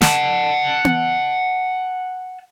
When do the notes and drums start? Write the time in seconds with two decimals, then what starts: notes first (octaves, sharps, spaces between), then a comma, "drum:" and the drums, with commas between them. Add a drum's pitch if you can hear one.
0.01 F#5 A5, drum: snare
0.85 drum: tom B3